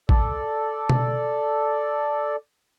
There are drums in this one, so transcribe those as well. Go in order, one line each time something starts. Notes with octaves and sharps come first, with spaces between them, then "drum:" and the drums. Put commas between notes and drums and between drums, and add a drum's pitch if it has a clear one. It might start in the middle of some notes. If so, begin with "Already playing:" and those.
A4 D5, drum: kick A1
drum: tom B2